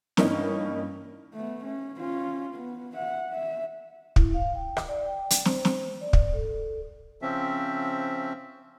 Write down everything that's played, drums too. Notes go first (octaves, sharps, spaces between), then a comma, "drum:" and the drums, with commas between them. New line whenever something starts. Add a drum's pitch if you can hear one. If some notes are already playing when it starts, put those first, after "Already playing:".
G2 E3 A#3 C#4 D#4, drum: snare
A3 B3
C#4
C#4 F4
B3
E5 F#5
E5
E4, drum: kick
F5
G5
drum: rim click
D5
G5
drum: hi-hat
C5, drum: snare
drum: snare
D5
drum: kick
A4
C#3 F3 C4 C#4 E5